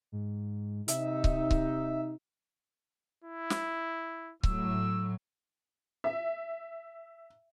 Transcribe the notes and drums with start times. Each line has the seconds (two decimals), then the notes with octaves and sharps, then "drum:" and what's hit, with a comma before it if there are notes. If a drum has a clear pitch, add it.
0.12 G#2
0.88 C3 D#4 E5, drum: hi-hat
1.24 drum: kick C#1
1.51 drum: kick C#1
3.24 E4
3.50 drum: snare
4.43 A2 F#3 E6, drum: kick C#1
6.04 E5